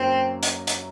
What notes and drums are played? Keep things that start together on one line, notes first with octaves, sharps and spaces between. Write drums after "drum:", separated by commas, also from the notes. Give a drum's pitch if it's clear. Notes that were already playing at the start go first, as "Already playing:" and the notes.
Already playing: F#2 F#3 A#3 C4 C#4
drum: hi-hat
drum: hi-hat